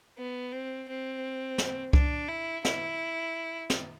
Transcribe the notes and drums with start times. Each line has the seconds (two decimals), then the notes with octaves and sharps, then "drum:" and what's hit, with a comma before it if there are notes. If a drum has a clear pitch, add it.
0.18 B3
0.52 C4
0.88 C4
1.58 drum: snare
1.93 D4, drum: kick C2
2.28 E4
2.65 E4, drum: snare
3.70 drum: snare